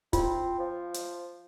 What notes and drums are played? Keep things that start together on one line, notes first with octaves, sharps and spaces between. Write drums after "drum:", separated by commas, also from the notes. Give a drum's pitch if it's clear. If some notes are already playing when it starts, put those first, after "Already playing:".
C4 F4, drum: kick, hi-hat
F3
drum: hi-hat